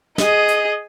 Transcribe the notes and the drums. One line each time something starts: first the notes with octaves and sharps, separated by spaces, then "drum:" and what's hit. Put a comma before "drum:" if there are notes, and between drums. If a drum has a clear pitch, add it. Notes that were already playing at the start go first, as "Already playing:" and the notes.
G#4 D#5, drum: snare
drum: hi-hat